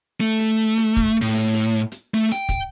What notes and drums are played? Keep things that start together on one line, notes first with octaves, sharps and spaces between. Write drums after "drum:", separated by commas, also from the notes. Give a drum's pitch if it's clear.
A3
drum: hi-hat
drum: hi-hat
drum: kick, hi-hat
A2
drum: hi-hat
drum: open hi-hat
drum: hi-hat
A3
G5, drum: hi-hat
drum: kick, hi-hat